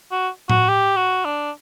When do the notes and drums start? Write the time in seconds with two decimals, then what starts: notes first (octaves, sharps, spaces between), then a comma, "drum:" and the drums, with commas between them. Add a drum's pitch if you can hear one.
0.12 F#4
0.50 F#4, drum: tom A2
0.69 G4
0.96 F#4
1.25 D4